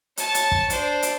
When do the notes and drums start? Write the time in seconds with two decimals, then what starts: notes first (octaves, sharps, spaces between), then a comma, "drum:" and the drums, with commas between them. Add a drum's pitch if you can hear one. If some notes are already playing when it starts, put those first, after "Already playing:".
0.17 C#5 A5, drum: hi-hat
0.34 drum: hi-hat
0.51 drum: kick
0.70 D4 C5, drum: hi-hat
1.02 drum: hi-hat